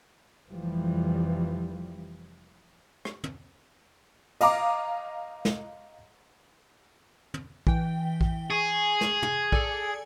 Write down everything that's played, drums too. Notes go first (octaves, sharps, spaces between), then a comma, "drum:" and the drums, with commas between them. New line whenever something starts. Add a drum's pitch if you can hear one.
F1 E3 F3 G3
drum: rim click
drum: tom
D#5 F5 A#5 D6, drum: cymbal
drum: snare
drum: tom
E3 G5, drum: kick A#1
drum: kick A#1
G#4 C#6
drum: snare
drum: tom
A4 D5 G#5, drum: kick A#1